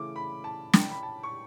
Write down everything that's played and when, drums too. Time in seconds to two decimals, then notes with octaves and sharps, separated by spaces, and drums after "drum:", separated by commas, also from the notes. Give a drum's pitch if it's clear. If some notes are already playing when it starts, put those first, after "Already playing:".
Already playing: C#3 E3 A3 C#4 D6
0.16 B5
0.44 A5
0.73 G5, drum: snare
0.91 B5
1.03 A5
1.23 C#6